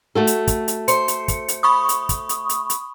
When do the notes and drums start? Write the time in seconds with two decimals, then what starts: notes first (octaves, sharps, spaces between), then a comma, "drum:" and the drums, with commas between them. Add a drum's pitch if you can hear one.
0.15 A3 F#4 A4
0.27 drum: hi-hat
0.47 drum: kick, hi-hat
0.68 drum: hi-hat
0.88 C5 C#7, drum: hi-hat
1.08 drum: hi-hat
1.28 drum: kick, hi-hat
1.48 drum: hi-hat
1.63 B5 C#6 D#6
1.89 drum: hi-hat
2.09 drum: kick, hi-hat
2.29 drum: hi-hat
2.49 drum: hi-hat
2.70 drum: hi-hat